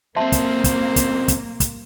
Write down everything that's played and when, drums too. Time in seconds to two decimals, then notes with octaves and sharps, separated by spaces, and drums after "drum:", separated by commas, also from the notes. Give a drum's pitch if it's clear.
0.16 F#2 A#3 C4 C5 E5 A5 C6
0.32 drum: kick, hi-hat
0.64 drum: kick, hi-hat
0.96 drum: kick, hi-hat
1.28 drum: kick, hi-hat
1.60 drum: kick, hi-hat